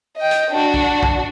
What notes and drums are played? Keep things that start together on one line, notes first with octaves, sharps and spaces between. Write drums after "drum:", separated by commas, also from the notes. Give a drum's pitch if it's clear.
D#5 G5
drum: hi-hat
D4 F#4
drum: kick B1
drum: kick B1